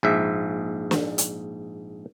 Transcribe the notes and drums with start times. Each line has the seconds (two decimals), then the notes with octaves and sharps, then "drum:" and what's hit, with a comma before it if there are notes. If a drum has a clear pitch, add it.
0.03 A#1 G#2 E5
0.91 drum: snare
1.18 drum: hi-hat